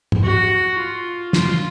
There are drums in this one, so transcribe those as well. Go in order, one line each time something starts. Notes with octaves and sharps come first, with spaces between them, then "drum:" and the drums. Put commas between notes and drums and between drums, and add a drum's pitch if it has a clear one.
drum: tom G#2
F#4
F4
F4, drum: snare